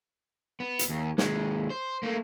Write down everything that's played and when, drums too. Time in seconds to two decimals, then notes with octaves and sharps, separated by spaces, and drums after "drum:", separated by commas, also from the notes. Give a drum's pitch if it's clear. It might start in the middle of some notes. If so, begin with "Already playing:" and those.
0.60 B3
0.79 drum: hi-hat
0.89 D#2
1.18 D#2 G#3, drum: snare
1.70 C5
2.03 A3 A#3